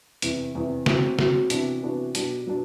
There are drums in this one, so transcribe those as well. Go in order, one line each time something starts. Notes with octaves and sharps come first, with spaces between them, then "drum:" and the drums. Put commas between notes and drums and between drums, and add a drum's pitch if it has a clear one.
E2 C3 E3, drum: hi-hat
E2 C3 E3
F#3 C4 F#4, drum: snare
F#3 C4 F#4, drum: snare
C3 E3 B3 D4 F#4, drum: hi-hat
C3 E3 B3 D4 F#4
B2 F#3 B3 D4 G4, drum: hi-hat
B2 F#3 B3 D4